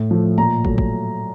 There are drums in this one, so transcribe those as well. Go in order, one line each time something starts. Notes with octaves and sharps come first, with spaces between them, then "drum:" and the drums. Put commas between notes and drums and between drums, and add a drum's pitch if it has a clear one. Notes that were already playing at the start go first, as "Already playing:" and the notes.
Already playing: A2
F3 A3
A#2 A#5
F#3 A3, drum: kick
drum: kick